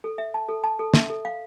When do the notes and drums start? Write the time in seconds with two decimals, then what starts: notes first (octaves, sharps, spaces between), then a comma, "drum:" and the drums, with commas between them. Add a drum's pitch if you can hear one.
0.04 A4
0.18 E5
0.34 A5
0.48 A4
0.64 A5
0.79 A4
0.94 E5, drum: snare
1.10 A4
1.25 F5